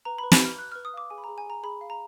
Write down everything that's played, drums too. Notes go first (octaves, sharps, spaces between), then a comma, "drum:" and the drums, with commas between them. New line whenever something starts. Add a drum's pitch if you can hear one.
B4 A#5
B5
B4
B5, drum: snare
B4 F6
B4 F#6
B4 F6
D#6
F5 D6
G#4 G#5
B5
A#5
G#4
G#5
G#4 A#5
G#4 B5
F5
A#5